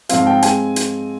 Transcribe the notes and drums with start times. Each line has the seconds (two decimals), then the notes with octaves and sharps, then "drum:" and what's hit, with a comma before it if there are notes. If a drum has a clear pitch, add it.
0.09 G#2 F3 C4 F5, drum: hi-hat
0.26 G5
0.42 G#3 C4 G#5, drum: hi-hat
0.76 drum: hi-hat